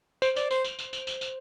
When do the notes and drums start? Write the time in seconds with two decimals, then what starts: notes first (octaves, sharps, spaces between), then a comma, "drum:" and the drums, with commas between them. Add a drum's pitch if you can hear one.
0.22 C5, drum: tambourine
0.36 D5, drum: tambourine
0.51 C5, drum: tambourine
0.64 drum: tambourine
0.79 drum: tambourine
0.93 drum: tambourine
1.07 drum: tambourine
1.21 drum: tambourine